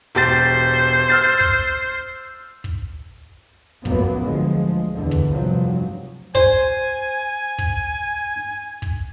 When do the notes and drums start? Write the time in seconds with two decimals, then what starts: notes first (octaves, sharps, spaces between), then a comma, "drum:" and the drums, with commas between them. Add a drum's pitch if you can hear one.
0.15 E1 G4 C5 A6
1.10 E6 F6 A6
1.40 drum: kick
2.64 drum: kick
3.85 F#2 A2 F3 F#3 A#3 B3, drum: kick
4.22 D2 F3 G#3
4.94 E2 D3
5.11 drum: kick
5.33 F1 G2 F3 F#3
6.35 C5 G#5, drum: kick
7.58 drum: kick
8.82 drum: kick